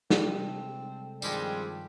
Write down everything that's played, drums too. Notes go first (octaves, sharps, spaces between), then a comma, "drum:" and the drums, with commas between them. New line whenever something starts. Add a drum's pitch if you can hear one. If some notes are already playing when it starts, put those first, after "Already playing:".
C3 G3 G#3 C4 A4, drum: snare
G2 D#3 F3 G3 G#3 C4, drum: tambourine